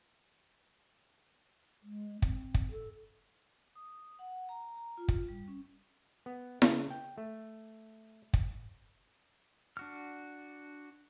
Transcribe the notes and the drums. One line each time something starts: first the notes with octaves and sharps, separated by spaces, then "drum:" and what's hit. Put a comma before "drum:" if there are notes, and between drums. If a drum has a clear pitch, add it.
G#3
C4, drum: kick
drum: kick
A4
D#6
F#5
A#5
A#5
F4
drum: kick
G3
C#4
B3
C#3, drum: snare E4
G5
A3
drum: kick
D4 F#4 F6